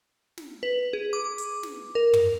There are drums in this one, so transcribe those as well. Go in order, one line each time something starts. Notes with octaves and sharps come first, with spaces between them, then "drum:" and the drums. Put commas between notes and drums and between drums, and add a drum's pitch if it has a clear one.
drum: snare
B4
G#4
D6
drum: hi-hat
drum: snare
A#4
drum: tom